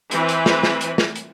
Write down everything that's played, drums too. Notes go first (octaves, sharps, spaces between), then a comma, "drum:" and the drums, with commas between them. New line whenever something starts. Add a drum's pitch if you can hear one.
E3 C4 B4, drum: hi-hat
drum: hi-hat
drum: snare
drum: snare
drum: hi-hat
drum: snare
drum: hi-hat